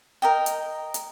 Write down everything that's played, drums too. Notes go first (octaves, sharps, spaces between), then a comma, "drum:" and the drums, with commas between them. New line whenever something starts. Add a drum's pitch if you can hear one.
A#4 D#5 G5
drum: hi-hat
drum: hi-hat